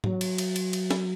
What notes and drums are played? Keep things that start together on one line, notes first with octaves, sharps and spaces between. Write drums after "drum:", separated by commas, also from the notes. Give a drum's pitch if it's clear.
F#3, drum: tom G#2
drum: cymbal
drum: cymbal
drum: cymbal
drum: cymbal
drum: snare